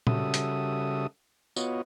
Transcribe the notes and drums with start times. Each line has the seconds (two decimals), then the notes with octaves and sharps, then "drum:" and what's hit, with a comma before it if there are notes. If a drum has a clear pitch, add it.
0.07 C#3 G3 F#4 A4 E5 D#6, drum: tom A#2
0.34 drum: hi-hat
1.56 B3 F4 F#4 C#5 D#5, drum: tambourine